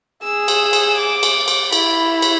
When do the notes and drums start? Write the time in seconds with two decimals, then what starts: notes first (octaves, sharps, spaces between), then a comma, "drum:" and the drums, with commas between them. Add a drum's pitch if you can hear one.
0.23 G#4 E6
0.48 drum: cymbal
0.73 drum: cymbal
0.98 D6
1.23 drum: cymbal
1.48 drum: cymbal
1.72 E4 B5, drum: cymbal
2.22 drum: cymbal